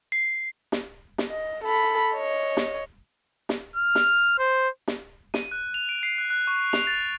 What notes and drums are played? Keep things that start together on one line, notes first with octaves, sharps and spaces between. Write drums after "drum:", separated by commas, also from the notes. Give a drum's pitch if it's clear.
C7
drum: snare
drum: snare
D#5
A4 B5
C#5 D#5
drum: snare
drum: snare
F6
drum: snare
C5
drum: snare
D#7, drum: snare
F#6
F7
D7
C7
F#6
F#6
C#6
F7, drum: snare
A6